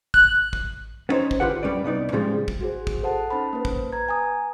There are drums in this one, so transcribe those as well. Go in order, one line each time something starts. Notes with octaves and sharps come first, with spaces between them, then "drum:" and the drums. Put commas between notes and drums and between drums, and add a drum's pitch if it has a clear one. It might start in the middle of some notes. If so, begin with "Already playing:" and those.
F#6, drum: kick
drum: kick
B3 C#4 D#4 C5 C#5
drum: kick
D3 F4 G4 B4 F#5
F#2 C#3 G3 C#4 B4 D5
C2 B3 D#4 D5
A2 C#3 F3 G3 G#3
drum: kick
F#4 G#4 C5
drum: kick
A4 C5 F#5 A5
C#4 D#4 C5 A5 B5
A#3 B4
drum: kick
B4 A#5 G#6
G#5 A#5 D#6